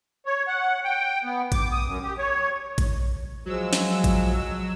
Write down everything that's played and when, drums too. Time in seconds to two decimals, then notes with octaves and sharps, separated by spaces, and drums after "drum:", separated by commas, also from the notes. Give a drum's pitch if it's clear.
0.26 C#5
0.48 F#5
0.84 G5
1.24 B3
1.52 D6, drum: kick A1, hi-hat
1.72 D#6
1.86 F#2
2.03 G4
2.18 C#5
2.78 drum: kick A1, hi-hat
3.46 F3 F#3 G#3 E6
3.73 drum: snare
4.04 drum: kick A1, hi-hat